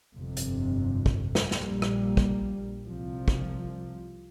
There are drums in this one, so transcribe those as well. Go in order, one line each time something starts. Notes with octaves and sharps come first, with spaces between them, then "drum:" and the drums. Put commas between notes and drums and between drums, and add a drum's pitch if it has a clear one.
G1 F2 C3
drum: hi-hat
drum: kick
drum: snare
A#1 A#2 G3 A#3, drum: snare
drum: rim click
drum: kick
C2 C3 F3
drum: kick